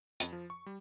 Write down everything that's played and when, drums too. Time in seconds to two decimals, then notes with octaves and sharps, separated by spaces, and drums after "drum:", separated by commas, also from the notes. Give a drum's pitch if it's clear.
0.20 F2, drum: hi-hat
0.33 F3
0.50 C#6
0.66 G3